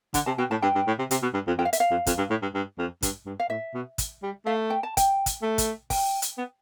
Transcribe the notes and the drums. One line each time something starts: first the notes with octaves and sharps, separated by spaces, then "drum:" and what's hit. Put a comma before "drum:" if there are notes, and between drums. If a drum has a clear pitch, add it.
D3, drum: kick, hi-hat
C3 A5
B2 G5
A2 A5
G2 G5
G2
A2
C3
C3, drum: hi-hat
B2
G2
F2
F2 G5
F5
E5, drum: hi-hat
F5
F2
F2, drum: kick, hi-hat
G2
A2
G2
G2
F2
G2, drum: kick, hi-hat
G2
F5
A2 E5
B2
drum: kick, hi-hat
G3
A3 F5
G5
A5
G5, drum: kick, hi-hat
drum: kick, hi-hat
A3
drum: kick, hi-hat
G5, drum: kick, open hi-hat
drum: hi-hat
B3